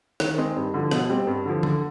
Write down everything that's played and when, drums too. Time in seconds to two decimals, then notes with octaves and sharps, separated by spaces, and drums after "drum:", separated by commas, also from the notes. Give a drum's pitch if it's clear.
0.20 D#3, drum: rim click
0.38 G#3 C4 D#4 G#4
0.56 G2
0.74 D3 F3
0.91 B2, drum: rim click
1.09 G3 C4
1.27 G2
1.46 D3 F3
1.63 D3, drum: tom D3